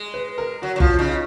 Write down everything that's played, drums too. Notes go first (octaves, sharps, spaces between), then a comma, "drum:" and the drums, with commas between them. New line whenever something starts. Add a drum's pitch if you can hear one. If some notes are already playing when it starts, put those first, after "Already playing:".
Already playing: G#3
B4
A#4
F#3 F#4
F#3
F3 F4, drum: kick
F4
C#3 D#4
F4